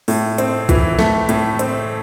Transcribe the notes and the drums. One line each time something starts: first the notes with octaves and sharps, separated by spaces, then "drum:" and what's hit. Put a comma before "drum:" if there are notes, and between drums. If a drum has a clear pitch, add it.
A2, drum: open hi-hat
C4, drum: hi-hat
E3, drum: kick, hi-hat
A3, drum: snare
A2, drum: hi-hat
C4, drum: hi-hat